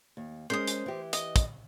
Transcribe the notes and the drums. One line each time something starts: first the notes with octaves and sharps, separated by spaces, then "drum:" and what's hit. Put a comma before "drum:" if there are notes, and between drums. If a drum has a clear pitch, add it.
D#2
G#3 C#4 A#4 C5 D#6
drum: hi-hat
E3 G4
D#5, drum: hi-hat
drum: kick, hi-hat